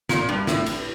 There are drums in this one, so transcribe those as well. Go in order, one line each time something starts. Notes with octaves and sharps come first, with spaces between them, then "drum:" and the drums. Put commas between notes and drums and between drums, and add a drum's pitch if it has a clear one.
A#2, drum: snare
G2
A2, drum: snare
drum: cymbal